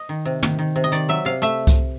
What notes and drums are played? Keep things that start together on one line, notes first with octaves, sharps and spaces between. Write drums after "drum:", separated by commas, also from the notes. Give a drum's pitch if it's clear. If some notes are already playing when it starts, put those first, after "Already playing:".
Already playing: D#5
D#3
C3
D#3, drum: tom
D#3
C3
D#5
D#3 D5, drum: hi-hat
F#3 E5
C3 F5
A3 E5, drum: hi-hat
drum: kick C2, hi-hat